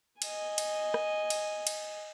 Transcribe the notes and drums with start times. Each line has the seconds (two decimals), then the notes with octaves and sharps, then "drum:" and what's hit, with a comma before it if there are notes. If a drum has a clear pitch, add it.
0.22 D#5 G#5, drum: cymbal
0.58 drum: cymbal
0.94 drum: rim click
1.30 drum: cymbal
1.67 drum: cymbal